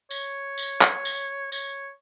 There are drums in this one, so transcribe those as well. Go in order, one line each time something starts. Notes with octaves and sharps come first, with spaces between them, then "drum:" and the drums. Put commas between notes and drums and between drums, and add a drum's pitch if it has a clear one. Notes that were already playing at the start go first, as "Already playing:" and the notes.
C#5, drum: tambourine
drum: tambourine
drum: clap
drum: tambourine
C#5, drum: tambourine